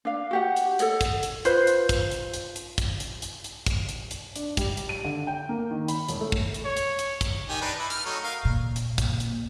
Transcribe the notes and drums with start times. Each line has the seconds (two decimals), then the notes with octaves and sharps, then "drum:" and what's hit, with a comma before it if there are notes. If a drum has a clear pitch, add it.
0.05 D4 F5
0.31 F#4 G4 F#5
0.56 drum: hi-hat
0.79 A4 C#5 D#5 F#5, drum: hi-hat
1.01 drum: kick, hi-hat
1.23 drum: hi-hat
1.45 F4 B4 C5, drum: hi-hat
1.67 drum: hi-hat
1.89 drum: kick, hi-hat
2.11 drum: hi-hat
2.34 drum: hi-hat
2.56 drum: hi-hat
2.78 drum: kick, hi-hat
3.00 drum: hi-hat
3.22 drum: hi-hat
3.44 drum: hi-hat
3.66 drum: kick, hi-hat
3.89 drum: hi-hat
4.11 drum: hi-hat
4.36 D4, drum: hi-hat
4.57 G3, drum: kick, hi-hat
4.77 drum: hi-hat
4.89 D#7
5.04 D3
5.27 G5
5.49 A#3
5.71 D#3
5.88 B5, drum: hi-hat
6.08 E1, drum: hi-hat
6.21 A3
6.32 drum: kick
6.54 drum: hi-hat
6.65 C#5
6.77 drum: hi-hat
6.99 drum: hi-hat
7.21 drum: kick, hi-hat
7.49 D#3 G4 G#5
7.61 D4 D#4 B4
7.79 E4
7.90 F6, drum: hi-hat
8.05 F#3 A3 D#4
8.24 A#4 F5
8.45 A#2
8.76 drum: hi-hat
8.98 drum: kick, hi-hat
9.20 drum: hi-hat